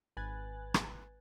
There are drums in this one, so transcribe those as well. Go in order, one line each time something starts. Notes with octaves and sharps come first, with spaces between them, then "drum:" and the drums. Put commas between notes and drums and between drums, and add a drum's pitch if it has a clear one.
G#1 B4 G#5 F#6 A6
drum: rim click